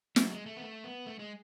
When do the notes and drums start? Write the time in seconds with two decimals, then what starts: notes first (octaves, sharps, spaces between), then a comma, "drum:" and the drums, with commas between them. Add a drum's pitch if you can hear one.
0.16 F#3, drum: snare
0.31 G#3
0.46 A3
0.57 B3
0.62 A3
0.84 B3
1.06 A3
1.19 G#3